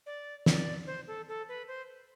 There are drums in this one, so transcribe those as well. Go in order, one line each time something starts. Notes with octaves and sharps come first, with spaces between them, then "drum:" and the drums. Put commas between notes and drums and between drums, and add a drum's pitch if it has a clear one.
D5
D5, drum: snare
C5
A4
A4
B4
C5